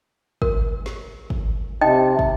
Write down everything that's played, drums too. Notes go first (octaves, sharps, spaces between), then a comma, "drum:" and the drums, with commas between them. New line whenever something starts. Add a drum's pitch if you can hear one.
A#4, drum: kick
drum: snare
drum: kick
C3 D#4 D#5 G5
drum: kick